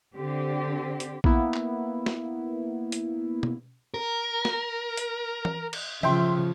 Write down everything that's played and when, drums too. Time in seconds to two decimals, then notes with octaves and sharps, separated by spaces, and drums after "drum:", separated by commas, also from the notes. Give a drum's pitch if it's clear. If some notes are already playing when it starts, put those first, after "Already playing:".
0.15 D3 C4 G4
1.00 drum: hi-hat
1.24 A#3 B3 E4, drum: kick
1.54 drum: clap
2.06 drum: snare
2.92 drum: hi-hat
3.43 drum: tom B2
3.94 A#4
4.45 drum: snare
4.97 drum: hi-hat
5.45 drum: tom E3
5.73 drum: cymbal
6.03 C#3 F3 E5 G5 C6, drum: tom E3